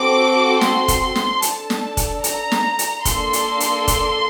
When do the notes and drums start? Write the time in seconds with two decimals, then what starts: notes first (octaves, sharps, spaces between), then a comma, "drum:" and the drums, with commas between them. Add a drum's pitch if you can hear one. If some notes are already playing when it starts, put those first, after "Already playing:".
Already playing: C4 F#4 A4 D6
0.61 C6, drum: snare
0.88 drum: kick, hi-hat
1.15 drum: snare
1.42 D4 A4 A5, drum: hi-hat
1.70 drum: snare
1.97 drum: kick, hi-hat
2.24 A#5, drum: hi-hat
2.52 drum: snare
2.79 drum: hi-hat
3.05 A#3 D4 A4 C6, drum: kick, hi-hat
3.33 drum: hi-hat
3.60 drum: hi-hat
3.88 drum: kick, hi-hat